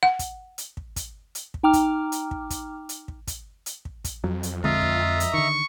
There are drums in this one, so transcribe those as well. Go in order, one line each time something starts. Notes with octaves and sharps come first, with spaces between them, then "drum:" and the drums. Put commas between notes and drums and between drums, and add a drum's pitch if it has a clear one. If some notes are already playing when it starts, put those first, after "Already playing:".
F#5
drum: kick, hi-hat
drum: hi-hat
drum: kick
drum: kick, hi-hat
drum: hi-hat
drum: kick
D#4 G5 A#5 D6 F6
drum: kick, hi-hat
drum: hi-hat
drum: kick
drum: kick, hi-hat
drum: hi-hat
drum: kick
drum: kick, hi-hat
drum: hi-hat
drum: kick
drum: kick, hi-hat
F2 F#3
drum: hi-hat
D3 G#3 C4 F4 D#5 E5 A#5, drum: kick
drum: kick
drum: hi-hat
D3 D#3 C#6